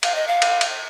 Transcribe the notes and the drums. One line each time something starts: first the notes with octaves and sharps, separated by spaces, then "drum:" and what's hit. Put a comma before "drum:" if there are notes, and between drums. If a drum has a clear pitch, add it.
F5, drum: cymbal
D#5
F5
drum: cymbal
drum: cymbal